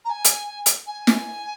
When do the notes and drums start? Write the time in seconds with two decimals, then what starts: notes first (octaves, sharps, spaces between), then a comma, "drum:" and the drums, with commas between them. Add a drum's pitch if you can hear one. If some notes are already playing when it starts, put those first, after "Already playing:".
0.04 A#5
0.09 G#5
0.24 drum: hi-hat
0.66 drum: hi-hat
0.86 G#5
1.07 drum: snare